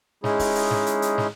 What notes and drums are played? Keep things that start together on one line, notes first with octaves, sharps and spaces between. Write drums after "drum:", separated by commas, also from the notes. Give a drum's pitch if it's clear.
G#3 C#4 D#4 E4 G#4, drum: snare
drum: kick C#1, open hi-hat
drum: open hi-hat
drum: snare
drum: hi-hat
drum: hi-hat
drum: snare